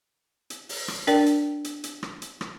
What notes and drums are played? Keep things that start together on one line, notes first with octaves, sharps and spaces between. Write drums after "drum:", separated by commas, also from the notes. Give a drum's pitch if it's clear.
drum: hi-hat
drum: open hi-hat
drum: rim click
D4 A#4 D5 G5, drum: hi-hat
drum: hi-hat
drum: hi-hat
drum: hi-hat
drum: rim click
drum: hi-hat
drum: rim click